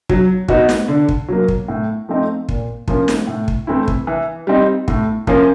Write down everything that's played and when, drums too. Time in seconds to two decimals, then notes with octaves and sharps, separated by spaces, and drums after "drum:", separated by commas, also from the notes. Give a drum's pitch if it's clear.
0.09 F#3, drum: kick
0.48 B3 D#4 F#4, drum: kick
0.69 drum: snare
0.88 D3
1.09 drum: kick
1.28 F#3 A#3
1.48 drum: kick
1.68 A2
2.09 F3 A3 C4 D#4
2.49 A#2, drum: kick
2.88 F3 A#3 C#4, drum: kick
3.08 drum: snare
3.27 A2
3.48 drum: kick
3.67 E3 A3 C4 E4
3.88 drum: kick
4.07 E3
4.47 G3 C4 D#4
4.88 A2, drum: kick
5.27 F3 A#3 C#4, drum: kick